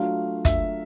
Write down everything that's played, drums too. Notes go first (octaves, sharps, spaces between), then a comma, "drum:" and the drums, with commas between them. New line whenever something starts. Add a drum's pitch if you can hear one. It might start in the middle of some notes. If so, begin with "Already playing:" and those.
Already playing: F#3 A3 D4 F4 F5
E5, drum: kick, hi-hat